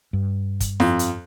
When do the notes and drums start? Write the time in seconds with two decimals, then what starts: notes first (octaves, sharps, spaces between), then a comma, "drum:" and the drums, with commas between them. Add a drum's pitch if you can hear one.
0.13 G2
0.60 drum: kick, hi-hat
0.80 F2, drum: snare E4
0.99 drum: hi-hat